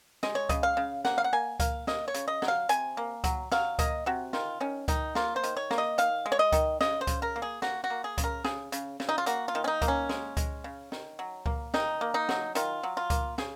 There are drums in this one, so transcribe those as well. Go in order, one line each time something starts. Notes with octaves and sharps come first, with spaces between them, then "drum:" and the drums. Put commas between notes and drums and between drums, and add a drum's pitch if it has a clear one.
G#3 D#5, drum: snare
C#5
C#3 D#5, drum: kick C#2, hi-hat
F5
C#3
A#3 F#5, drum: snare
F5
F#5
A#3 G#5
A#3 F5, drum: kick C#2, hi-hat
A#3 D#5, drum: snare
C#5
C#3, drum: hi-hat
D#5
F#3, drum: snare
F5
C3 G#5, drum: hi-hat
A#3
F#3, drum: kick C#2, hi-hat
F#3 F5, drum: snare
A#3 D#5, drum: kick C#2, hi-hat
C3 F#4
D#3 F4, drum: snare
D#3 C#4
D#3 D#4, drum: kick C#2, hi-hat
A#3 F4, drum: snare
C5
D#3, drum: hi-hat
C#5
A#3, drum: snare
D#5
D#3 F5, drum: hi-hat
G#3
C#5
D#5
D#3, drum: kick C#2, hi-hat
C#3 D#5, drum: snare
C5
C#3, drum: kick C#2, hi-hat
A#4
A#3
G#4
A#3 F#4, drum: snare
F#4
A#3
G#4
C#3, drum: kick C#2, hi-hat
A#4
C#3 G#4, drum: snare
C#3, drum: hi-hat
C#3, drum: snare
D#4
F4
A#3 F#4, drum: hi-hat
F4
D#3
C#4
D#4
A#3, drum: kick C#2, hi-hat
C#4
G#3, drum: snare
G#3, drum: kick C#2, hi-hat
C#3
D#3, drum: snare
F#3
A#3, drum: kick C#2
D#3 D#4, drum: snare
A#3
D#4
F#3, drum: snare
D#3 F4, drum: hi-hat
F#3
F4
A#3, drum: kick C#2, hi-hat
C#3 G#4, drum: snare